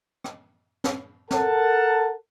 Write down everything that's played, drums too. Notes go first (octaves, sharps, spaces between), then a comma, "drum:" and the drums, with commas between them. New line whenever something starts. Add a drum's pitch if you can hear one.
drum: rim click
drum: snare
A4 A#4 F#5 A5, drum: snare